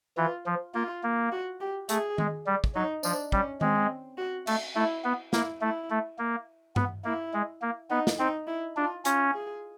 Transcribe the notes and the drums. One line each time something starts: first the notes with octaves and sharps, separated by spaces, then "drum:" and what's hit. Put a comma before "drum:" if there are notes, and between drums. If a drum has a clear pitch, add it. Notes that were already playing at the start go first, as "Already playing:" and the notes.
E3 F4
F3
A#3 F4
A#3
F#4
G4
A3 G#4, drum: hi-hat
G#3, drum: tom D#3
G3
drum: kick
F#3 D#4
F3 D4, drum: tambourine
G3 C#4, drum: kick
G#3 C4, drum: tom D#3
F#4
A3, drum: cymbal
A3 E4
B3
A#3 E4, drum: snare
A3 E4
A3
A#3
B3, drum: tom G2
A#3 E4
G#3
A#3
B3 D#4
drum: snare
C4 D#4
E4
D4 F4
C#4 F4, drum: hi-hat
G#4